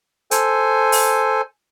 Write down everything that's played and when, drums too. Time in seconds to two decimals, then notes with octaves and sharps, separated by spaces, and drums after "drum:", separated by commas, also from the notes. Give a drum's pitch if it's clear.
0.31 A4 C5 G#5, drum: hi-hat
0.92 drum: open hi-hat